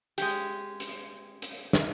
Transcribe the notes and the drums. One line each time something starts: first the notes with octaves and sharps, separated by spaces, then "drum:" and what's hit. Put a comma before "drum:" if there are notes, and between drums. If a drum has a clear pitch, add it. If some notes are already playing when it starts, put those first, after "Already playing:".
G#3 G4, drum: hi-hat
drum: hi-hat
drum: hi-hat
drum: snare